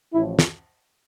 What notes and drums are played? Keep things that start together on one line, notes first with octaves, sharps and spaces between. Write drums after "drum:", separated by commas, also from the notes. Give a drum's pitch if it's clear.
A1 A2 F3 E4
drum: snare